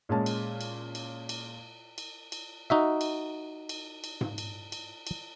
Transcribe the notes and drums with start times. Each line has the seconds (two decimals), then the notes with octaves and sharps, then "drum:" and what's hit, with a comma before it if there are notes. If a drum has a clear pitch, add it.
0.09 A#2 G#3 C#4 A5
0.26 drum: cymbal
0.61 drum: cymbal
0.95 drum: cymbal
1.29 drum: cymbal
1.98 drum: cymbal
2.32 drum: cymbal
2.70 D#4 F#4 E5
3.01 drum: cymbal
3.69 drum: cymbal
4.04 drum: cymbal
4.21 drum: tom G#2
4.38 drum: cymbal
4.72 drum: cymbal
5.07 drum: cymbal